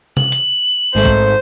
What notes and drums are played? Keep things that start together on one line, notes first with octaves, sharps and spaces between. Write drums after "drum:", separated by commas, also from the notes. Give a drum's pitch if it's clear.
F#7, drum: tom C3
drum: hi-hat
G#1 G#2 A3 C5
drum: kick A#1